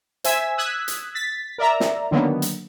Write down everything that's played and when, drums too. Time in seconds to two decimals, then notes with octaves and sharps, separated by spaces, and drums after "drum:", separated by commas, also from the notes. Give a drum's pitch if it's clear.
0.24 C5 E5 G#5 E6 G#6 B6, drum: hi-hat
0.57 D#6 E6 F#6 G#6 B6
0.88 drum: hi-hat
1.15 A6 B6
1.58 A#4 D5 E5 A#5
1.80 drum: snare
2.11 D3 D#3 F#3 A#3 B3
2.42 drum: hi-hat